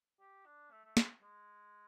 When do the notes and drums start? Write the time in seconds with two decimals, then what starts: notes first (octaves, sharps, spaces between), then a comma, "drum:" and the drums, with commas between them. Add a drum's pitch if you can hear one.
0.20 G4
0.46 D4
0.71 A3
0.84 A3
0.97 G#3, drum: snare
1.22 G#3